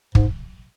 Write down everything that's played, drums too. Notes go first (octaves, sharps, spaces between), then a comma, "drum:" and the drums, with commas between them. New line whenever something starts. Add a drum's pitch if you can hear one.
G#2, drum: kick